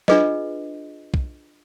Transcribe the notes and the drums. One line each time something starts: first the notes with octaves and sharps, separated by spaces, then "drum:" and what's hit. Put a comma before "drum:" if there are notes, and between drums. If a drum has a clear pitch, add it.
D4 F4 G#4 B4 D#5, drum: snare
drum: kick